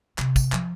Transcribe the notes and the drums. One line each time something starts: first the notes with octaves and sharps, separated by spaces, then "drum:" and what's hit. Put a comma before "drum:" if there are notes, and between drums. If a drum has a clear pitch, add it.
C3, drum: clap
drum: kick, tambourine
F3, drum: clap